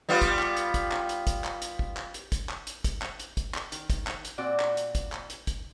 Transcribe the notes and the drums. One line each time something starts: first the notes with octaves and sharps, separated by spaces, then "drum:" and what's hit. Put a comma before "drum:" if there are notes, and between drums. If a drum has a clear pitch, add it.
G3 B3 F4
drum: kick, hi-hat
drum: clap
drum: hi-hat
drum: kick, hi-hat
drum: clap
drum: hi-hat
drum: kick, hi-hat
drum: clap
drum: hi-hat
drum: kick
drum: clap
drum: hi-hat
drum: kick, hi-hat
drum: clap
drum: hi-hat
drum: kick, hi-hat
drum: clap
drum: hi-hat
drum: kick, hi-hat
drum: clap
D#3, drum: hi-hat
drum: kick, hi-hat
drum: clap
drum: hi-hat
A#2 C4 F#4 D5
drum: clap
drum: hi-hat
drum: kick, hi-hat
drum: clap
drum: hi-hat
drum: kick, hi-hat